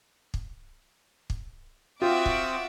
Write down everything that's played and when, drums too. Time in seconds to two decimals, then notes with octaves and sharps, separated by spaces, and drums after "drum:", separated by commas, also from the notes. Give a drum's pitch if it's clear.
0.34 drum: kick
1.30 drum: kick
2.02 C4 F4 F#4 E5 G5 D6 D#6
2.26 drum: kick